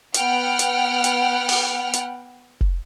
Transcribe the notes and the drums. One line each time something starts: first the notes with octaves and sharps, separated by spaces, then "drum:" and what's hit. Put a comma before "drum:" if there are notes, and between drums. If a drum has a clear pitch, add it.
B3 F#5 G5 F6, drum: hi-hat
drum: hi-hat
drum: hi-hat
drum: open hi-hat
drum: hi-hat
drum: kick F1